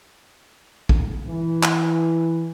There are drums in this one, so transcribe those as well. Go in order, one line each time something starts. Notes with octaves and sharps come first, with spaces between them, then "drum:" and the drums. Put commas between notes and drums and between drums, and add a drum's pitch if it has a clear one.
drum: kick
E3
drum: clap